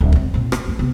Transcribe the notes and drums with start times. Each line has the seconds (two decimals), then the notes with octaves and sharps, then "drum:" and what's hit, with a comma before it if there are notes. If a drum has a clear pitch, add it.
0.01 D1
0.12 G#3 C4, drum: kick
0.34 A#2 C4
0.52 A3, drum: rim click
0.67 A3 B3
0.79 C3 B3